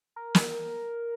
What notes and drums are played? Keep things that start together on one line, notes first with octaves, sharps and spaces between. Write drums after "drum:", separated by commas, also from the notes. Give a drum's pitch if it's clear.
A#4
drum: snare